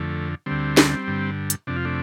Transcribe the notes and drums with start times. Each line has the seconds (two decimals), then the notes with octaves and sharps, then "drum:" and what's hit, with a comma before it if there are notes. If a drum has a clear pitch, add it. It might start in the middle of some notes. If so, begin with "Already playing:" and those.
Already playing: F2 D3 A3
0.46 D2 D3 G3 C4
0.77 drum: snare
1.07 G2 D3
1.50 drum: hi-hat
1.67 F2 C3 D4
1.76 F4
1.85 A3 D4